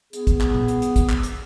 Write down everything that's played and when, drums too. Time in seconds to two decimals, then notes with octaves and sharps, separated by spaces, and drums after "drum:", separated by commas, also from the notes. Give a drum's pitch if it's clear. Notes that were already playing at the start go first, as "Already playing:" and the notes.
0.13 B3 G#4, drum: hi-hat
0.27 drum: kick, hi-hat
0.41 drum: clap
0.55 drum: tom A#2
0.68 drum: hi-hat
0.82 drum: hi-hat
0.96 drum: kick, hi-hat
1.10 drum: clap
1.23 drum: hi-hat